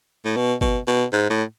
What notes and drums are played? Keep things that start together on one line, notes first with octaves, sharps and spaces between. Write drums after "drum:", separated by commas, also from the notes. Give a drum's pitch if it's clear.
A2
B2
B2, drum: kick G1
B2
G#2
A2